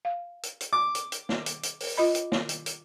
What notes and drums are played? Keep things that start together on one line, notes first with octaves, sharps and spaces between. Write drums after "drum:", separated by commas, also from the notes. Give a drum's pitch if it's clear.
F5
drum: hi-hat
drum: hi-hat
D6
drum: hi-hat
drum: hi-hat
drum: snare
drum: hi-hat
drum: hi-hat
drum: open hi-hat
F4 D#5 B5
drum: hi-hat
drum: snare
drum: hi-hat
drum: hi-hat